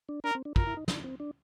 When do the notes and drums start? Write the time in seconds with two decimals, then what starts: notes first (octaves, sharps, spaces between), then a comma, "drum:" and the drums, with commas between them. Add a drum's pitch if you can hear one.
0.09 D4
0.24 D4 A#4
0.35 C4
0.45 D4
0.56 F4 A#4, drum: kick
0.67 E4
0.77 D#4
0.88 D4, drum: snare
1.04 C4
1.20 D4